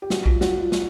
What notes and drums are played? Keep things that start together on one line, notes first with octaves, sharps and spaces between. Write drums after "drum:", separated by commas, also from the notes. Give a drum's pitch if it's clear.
G4
F#4, drum: snare
F4, drum: kick B1
F#4, drum: snare
F4
drum: snare